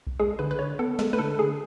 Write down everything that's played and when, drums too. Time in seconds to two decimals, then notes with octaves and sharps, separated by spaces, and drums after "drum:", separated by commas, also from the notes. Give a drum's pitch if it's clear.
0.07 drum: kick B1
0.20 G#3 G#4
0.39 D3 B4
0.51 B4
0.59 D3 C#5
0.79 B3 A4
0.99 G#3 A4, drum: snare
1.13 B4, drum: tom G#3
1.18 D3 A4
1.39 D3 G#4